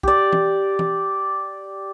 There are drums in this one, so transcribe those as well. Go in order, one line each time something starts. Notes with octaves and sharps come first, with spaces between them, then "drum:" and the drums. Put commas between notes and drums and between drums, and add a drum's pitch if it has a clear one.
G4 D5, drum: kick
drum: tom E3
drum: tom E3